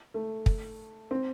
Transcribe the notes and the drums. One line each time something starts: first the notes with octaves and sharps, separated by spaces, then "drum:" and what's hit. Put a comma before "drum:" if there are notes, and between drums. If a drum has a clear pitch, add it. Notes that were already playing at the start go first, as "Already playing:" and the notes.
A3
drum: kick
C4